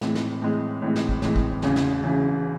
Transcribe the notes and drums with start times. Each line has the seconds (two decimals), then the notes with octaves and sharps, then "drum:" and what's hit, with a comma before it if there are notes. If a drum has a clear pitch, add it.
0.01 A2 E3 G#3 C4, drum: snare
0.15 drum: snare
0.41 A2 E3 G#3 C4
0.82 A2 E3 G#3 C4
0.96 drum: snare
1.09 drum: kick
1.22 A2 E3 G#3 C4, drum: snare
1.36 drum: kick
1.62 E1 E2 C#3 E3, drum: snare
1.76 drum: snare
2.03 E1 E2 C#3 E3